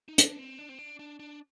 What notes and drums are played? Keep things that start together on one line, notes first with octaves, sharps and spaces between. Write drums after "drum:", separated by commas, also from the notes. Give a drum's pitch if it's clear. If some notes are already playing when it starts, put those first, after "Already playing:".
D#4
D4, drum: hi-hat
C4
D4
C4
D4
D4
D4